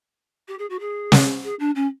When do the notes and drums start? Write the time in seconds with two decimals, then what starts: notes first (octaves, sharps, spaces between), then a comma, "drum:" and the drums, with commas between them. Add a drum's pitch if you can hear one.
0.48 G4
0.58 G#4
0.69 F#4
0.80 G#4
1.12 drum: snare
1.43 G#4
1.59 D4
1.75 C#4